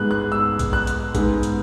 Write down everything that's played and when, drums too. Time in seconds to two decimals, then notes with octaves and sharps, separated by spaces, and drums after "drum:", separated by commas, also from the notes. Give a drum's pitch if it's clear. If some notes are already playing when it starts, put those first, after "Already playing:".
Already playing: G#2 G#3 B3 F#6
0.11 F#6
0.32 E6
0.59 drum: kick A#1, hi-hat
0.73 F#6
0.87 drum: hi-hat
1.15 G#2 G#3 B3, drum: kick A#1, hi-hat
1.43 drum: hi-hat